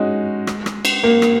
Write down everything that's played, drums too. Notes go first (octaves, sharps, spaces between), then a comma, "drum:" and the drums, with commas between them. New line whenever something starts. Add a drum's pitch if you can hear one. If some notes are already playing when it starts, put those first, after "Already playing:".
Already playing: G#3 C#4 D#4 F#4
drum: rim click
drum: rim click
drum: cymbal
A#3
drum: rim click